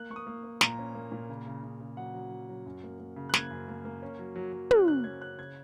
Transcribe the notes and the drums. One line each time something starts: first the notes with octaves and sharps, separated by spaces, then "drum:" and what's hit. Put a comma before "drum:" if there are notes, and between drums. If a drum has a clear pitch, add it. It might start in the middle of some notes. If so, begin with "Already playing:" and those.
Already playing: A#3 F#6
A#3 C#6
D#6
A#3
A#3
A#2 A#5, drum: snare
C#4
A#3
A#2
C#3
C#3
C#3
C#3
F#3 F#5
F#3
F#3
F#3
F#2
A#3
A#3
C#3
F#6
A#3 G#6, drum: snare
F#2
A#3
A#3
C#4
F#3
F#3
F#3
C#4 F#6, drum: tom
C#3 F#6
C#4 G#6
C#4 F#6
C#3 G#6